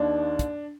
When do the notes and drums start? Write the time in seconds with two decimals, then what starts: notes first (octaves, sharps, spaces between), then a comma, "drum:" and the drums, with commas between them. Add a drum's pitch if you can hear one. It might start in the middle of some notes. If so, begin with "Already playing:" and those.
Already playing: D#2 D#3 A#3 D4
0.39 drum: kick, hi-hat